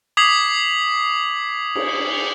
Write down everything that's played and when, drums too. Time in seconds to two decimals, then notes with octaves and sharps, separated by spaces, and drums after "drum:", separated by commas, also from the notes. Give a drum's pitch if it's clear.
0.17 D6 D#6 G#6 B6 C7 F#7
1.75 drum: cymbal